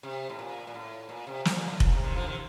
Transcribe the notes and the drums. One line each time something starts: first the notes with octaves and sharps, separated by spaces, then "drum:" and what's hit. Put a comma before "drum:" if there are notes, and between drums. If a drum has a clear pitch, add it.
C3
A2
A#2
A#2
A2
A#2
C3
C3, drum: snare
A#2
A2
A#2, drum: kick F1
C3
C3 D#3
D3 F3
C3 D#3